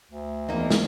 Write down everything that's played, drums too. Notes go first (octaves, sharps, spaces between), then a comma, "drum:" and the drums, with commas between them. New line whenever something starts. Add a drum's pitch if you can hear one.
D2
E2 A#3 D#4
drum: snare